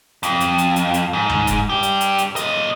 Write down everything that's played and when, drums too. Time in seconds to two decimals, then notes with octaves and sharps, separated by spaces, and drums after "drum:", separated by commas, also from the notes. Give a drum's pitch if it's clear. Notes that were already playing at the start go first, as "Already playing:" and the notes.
0.23 F2, drum: hi-hat
0.40 drum: hi-hat
0.58 drum: hi-hat
0.76 drum: hi-hat
0.94 drum: hi-hat
1.13 G#2
1.29 drum: tom C#2
1.47 drum: kick F1, hi-hat
1.70 D4 G4
1.83 drum: hi-hat
2.01 drum: hi-hat
2.18 drum: hi-hat
2.36 A#2 D#5, drum: hi-hat